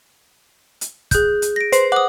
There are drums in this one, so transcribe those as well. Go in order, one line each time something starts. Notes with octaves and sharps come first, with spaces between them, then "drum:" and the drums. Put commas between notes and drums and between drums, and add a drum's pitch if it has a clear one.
drum: hi-hat
G#4 F#6 G6, drum: kick, hi-hat
drum: hi-hat
A#6 D7
B4 C5, drum: hi-hat
F#5 D6 D#6